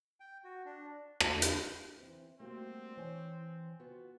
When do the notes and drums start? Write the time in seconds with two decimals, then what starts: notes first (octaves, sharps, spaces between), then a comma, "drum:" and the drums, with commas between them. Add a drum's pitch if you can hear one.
0.20 G5
0.44 F#4
0.65 D4
1.20 drum: rim click
1.42 drum: hi-hat
1.98 E3 C4 E4
2.40 G3 A3 A#3 C4 F#4
2.97 E3 C5 C#5 G#5
3.80 B3 F4 F#4